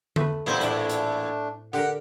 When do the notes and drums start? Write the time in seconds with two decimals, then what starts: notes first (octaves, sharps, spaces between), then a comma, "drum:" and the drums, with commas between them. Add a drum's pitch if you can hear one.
0.16 A3 B4, drum: tom D3
0.46 E2 A#2 G3 C4 D#4 E4
0.61 A2 A3 D4 D5, drum: hi-hat
0.89 drum: hi-hat
1.73 D3 G4 A#4 F#5